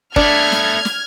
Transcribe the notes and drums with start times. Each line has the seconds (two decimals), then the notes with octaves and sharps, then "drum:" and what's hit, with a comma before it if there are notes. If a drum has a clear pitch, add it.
0.16 A3 B3 D4 F6 G#6, drum: kick
0.52 drum: snare
0.85 drum: snare